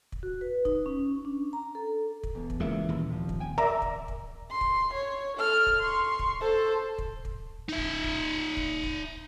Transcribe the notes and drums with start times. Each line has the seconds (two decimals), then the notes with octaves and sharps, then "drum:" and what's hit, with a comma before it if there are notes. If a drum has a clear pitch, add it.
0.12 drum: kick
0.23 F#4
0.41 B4
0.65 D#4, drum: kick
0.86 C#4
1.25 D4
1.53 A#5
1.75 A4
2.23 drum: kick
2.35 E2 B2
2.50 drum: kick
2.60 C#2 C#3 E3 A#3 E5
2.88 D#1 D#2
3.10 C3 F3
3.29 drum: kick
3.40 G5 G#5
3.58 A#4 D5 E5 A#5
3.82 drum: kick
4.08 drum: kick
4.51 C6
4.61 drum: kick
4.94 C#5
5.37 A4 F6
5.67 drum: kick
5.80 C6 C#6
6.19 drum: kick
6.41 A4 C5
6.98 drum: kick
7.25 drum: kick
7.68 D#4 E5
7.78 drum: kick
8.04 drum: kick
8.57 drum: kick
8.83 drum: kick